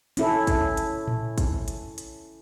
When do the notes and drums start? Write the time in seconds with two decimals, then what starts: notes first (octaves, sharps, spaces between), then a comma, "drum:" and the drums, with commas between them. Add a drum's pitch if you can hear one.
0.17 C#4 E4 A4, drum: hi-hat
0.47 drum: kick, hi-hat
0.77 drum: hi-hat
1.07 drum: tom A2
1.38 drum: kick, hi-hat
1.68 drum: hi-hat
1.98 drum: hi-hat